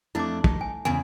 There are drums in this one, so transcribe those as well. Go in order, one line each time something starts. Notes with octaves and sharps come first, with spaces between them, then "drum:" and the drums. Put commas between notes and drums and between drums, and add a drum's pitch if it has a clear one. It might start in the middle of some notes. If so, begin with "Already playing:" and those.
F2 A3 D4 E4 D6
D#4, drum: kick
G#5
E2 C#3 G#5